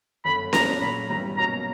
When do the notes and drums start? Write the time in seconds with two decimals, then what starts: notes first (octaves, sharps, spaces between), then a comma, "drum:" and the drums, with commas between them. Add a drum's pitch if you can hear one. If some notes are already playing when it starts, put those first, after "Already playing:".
0.25 G1 F#2 D3 B5
0.53 B1 B2 A#3 D4 A#5, drum: snare C#4
0.81 A#2 F#3 C#4 B5
1.09 G1 G2 E3 G3 A#5
1.37 B1 B2 F#3 A#3 C#4 A#5